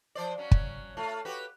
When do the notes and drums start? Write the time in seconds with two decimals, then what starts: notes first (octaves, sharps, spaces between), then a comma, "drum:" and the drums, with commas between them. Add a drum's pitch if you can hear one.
0.15 F3 C5 D5
0.38 F#3 C#4
0.51 drum: kick
0.97 A3 F4
1.25 F#4 G4 B4